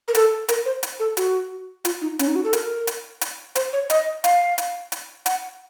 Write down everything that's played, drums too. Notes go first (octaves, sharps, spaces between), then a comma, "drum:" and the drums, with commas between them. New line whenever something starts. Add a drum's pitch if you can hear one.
A#4
A4, drum: hi-hat
A#4, drum: hi-hat
C5
drum: hi-hat
A4
F#4, drum: hi-hat
F4, drum: hi-hat
D#4
C#4, drum: hi-hat
D#4
F#4
A4
A#4, drum: hi-hat
drum: hi-hat
drum: hi-hat
C5, drum: hi-hat
C#5
D#5, drum: hi-hat
F5, drum: hi-hat
drum: hi-hat
drum: hi-hat
F#5, drum: hi-hat